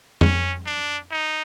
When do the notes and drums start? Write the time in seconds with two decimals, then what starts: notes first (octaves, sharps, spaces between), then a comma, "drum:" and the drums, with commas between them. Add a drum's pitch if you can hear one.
0.21 C#4, drum: tom F2
0.66 D4
1.11 D#4